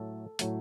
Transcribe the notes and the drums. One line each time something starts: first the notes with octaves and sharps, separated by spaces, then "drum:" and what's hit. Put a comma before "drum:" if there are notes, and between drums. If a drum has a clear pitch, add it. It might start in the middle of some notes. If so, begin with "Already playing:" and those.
Already playing: A2 F#3 A3 A4
A2 F#3 A3, drum: hi-hat